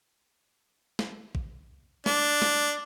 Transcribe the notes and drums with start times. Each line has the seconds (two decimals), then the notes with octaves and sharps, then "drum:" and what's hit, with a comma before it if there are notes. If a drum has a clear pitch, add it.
0.99 drum: snare
1.35 drum: kick
2.06 D4, drum: snare
2.42 drum: snare